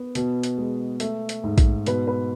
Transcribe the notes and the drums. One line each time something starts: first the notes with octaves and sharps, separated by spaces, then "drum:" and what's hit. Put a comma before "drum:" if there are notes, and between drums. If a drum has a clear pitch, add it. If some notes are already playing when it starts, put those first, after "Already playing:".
Already playing: B3 B4
B2, drum: hi-hat
drum: hi-hat
G#3
A3, drum: hi-hat
drum: hi-hat
G#2
drum: kick A#1, hi-hat
B2 B4, drum: hi-hat
B4